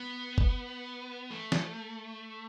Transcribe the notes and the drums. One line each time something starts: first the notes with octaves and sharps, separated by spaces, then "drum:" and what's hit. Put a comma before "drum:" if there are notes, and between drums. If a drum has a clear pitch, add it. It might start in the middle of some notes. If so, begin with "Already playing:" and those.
Already playing: B3
drum: kick F#1
A3
drum: snare